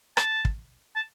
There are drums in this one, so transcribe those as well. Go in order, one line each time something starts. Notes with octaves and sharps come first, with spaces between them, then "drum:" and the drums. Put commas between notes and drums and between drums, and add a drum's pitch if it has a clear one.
A5, drum: rim click
drum: kick
A5